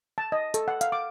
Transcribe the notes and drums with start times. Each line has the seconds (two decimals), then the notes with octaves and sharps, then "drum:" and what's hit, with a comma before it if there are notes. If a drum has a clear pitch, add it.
0.18 A5
0.32 D#5
0.54 A4, drum: hi-hat
0.68 F#5
0.81 F5, drum: hi-hat
0.92 D6